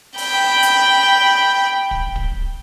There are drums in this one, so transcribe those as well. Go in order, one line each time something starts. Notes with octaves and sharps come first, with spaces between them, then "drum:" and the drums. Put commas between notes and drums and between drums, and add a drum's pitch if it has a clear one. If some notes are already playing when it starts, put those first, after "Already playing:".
G5 B5, drum: open hi-hat
drum: hi-hat
drum: kick
drum: kick